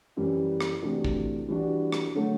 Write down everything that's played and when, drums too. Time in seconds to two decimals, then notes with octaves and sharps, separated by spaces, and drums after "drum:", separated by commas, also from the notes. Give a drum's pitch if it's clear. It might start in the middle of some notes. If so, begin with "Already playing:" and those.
0.17 F#2 E3 G3
0.61 drum: rim click
0.82 C3 E3 A3 D4 F#4
1.04 drum: kick
1.48 E3 G3 D4 F#4
1.92 drum: rim click
2.15 D3 F#3 A3